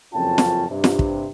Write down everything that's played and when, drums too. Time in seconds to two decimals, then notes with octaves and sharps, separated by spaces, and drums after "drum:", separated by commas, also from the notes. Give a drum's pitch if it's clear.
0.14 F#1 F2 C#4 F4 G5 A5
0.38 drum: snare
0.68 G2 C3
0.84 drum: snare
0.99 drum: kick